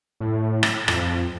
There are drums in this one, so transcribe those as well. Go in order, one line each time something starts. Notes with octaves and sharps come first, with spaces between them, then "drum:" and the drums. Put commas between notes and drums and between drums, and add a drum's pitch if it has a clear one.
A2
drum: rim click
F2, drum: rim click